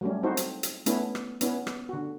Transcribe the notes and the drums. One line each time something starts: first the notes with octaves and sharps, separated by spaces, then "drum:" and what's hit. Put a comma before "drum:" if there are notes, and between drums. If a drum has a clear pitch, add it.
F#3 G3 A3 C#4
C4 D#4 E4 F#4 A4 C5
drum: hi-hat
drum: hi-hat
A3 B3 C#4 E4, drum: hi-hat
drum: rim click
B3 C#4 E4, drum: hi-hat
drum: rim click
D3 F#4